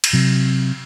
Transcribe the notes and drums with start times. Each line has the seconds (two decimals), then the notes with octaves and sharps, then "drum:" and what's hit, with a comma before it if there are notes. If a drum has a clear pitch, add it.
0.04 drum: cymbal
0.13 C3 F#3